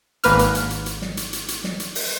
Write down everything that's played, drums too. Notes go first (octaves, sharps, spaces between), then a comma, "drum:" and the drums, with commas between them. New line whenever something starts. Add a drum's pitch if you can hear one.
G#1 A#3 B4 F6, drum: hi-hat
drum: hi-hat
drum: hi-hat
drum: hi-hat
drum: hi-hat
drum: snare
drum: hi-hat
drum: hi-hat
drum: hi-hat
drum: snare
drum: hi-hat
drum: open hi-hat